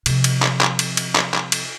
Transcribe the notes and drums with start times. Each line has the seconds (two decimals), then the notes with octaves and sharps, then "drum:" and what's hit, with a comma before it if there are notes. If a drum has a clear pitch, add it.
0.06 C3 F3, drum: cymbal
0.24 drum: cymbal
0.43 drum: clap
0.61 drum: clap
0.79 drum: cymbal
0.97 drum: cymbal
1.16 drum: clap
1.34 drum: clap
1.52 drum: cymbal